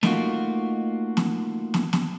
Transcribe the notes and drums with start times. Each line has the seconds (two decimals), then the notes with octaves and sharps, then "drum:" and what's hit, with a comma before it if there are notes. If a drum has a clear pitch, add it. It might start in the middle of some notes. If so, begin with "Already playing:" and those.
0.03 A3 A#3 D#4 F4 F#4, drum: snare
1.17 drum: snare
1.74 drum: snare
1.93 drum: snare